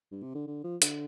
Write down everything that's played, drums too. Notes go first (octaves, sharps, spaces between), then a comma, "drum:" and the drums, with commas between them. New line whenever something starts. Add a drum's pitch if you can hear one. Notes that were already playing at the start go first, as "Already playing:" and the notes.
G2
C3
D3
D3
F3
D3, drum: hi-hat